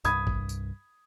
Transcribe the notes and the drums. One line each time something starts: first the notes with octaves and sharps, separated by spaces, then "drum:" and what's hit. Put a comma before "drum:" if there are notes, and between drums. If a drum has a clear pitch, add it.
C2 G2 B5 D#6 G#6, drum: tambourine
drum: kick G#1
drum: tambourine